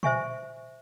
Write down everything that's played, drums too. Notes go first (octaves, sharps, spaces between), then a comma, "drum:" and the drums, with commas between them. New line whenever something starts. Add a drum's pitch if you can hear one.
C5 E5 G#5 C#6, drum: tom A#2